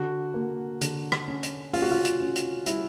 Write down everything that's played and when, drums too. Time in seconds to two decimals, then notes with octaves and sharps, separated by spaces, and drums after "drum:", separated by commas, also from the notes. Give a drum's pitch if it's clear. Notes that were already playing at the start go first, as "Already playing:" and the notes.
Already playing: D3 F#4
0.34 A#3
0.81 D3, drum: hi-hat
1.12 drum: rim click
1.28 C#4
1.43 drum: hi-hat
1.73 C#4 F4, drum: open hi-hat
1.82 F#4
1.91 F4
2.05 drum: hi-hat
2.20 C#4
2.36 drum: hi-hat
2.66 G3 E4, drum: hi-hat